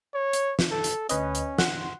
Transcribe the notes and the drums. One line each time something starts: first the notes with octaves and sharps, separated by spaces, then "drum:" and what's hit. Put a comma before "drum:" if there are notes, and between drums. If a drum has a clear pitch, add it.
C#5
drum: hi-hat
drum: snare
A4
drum: hi-hat
D2 C#4 B4 D#5, drum: hi-hat
drum: hi-hat
F#5 C6, drum: snare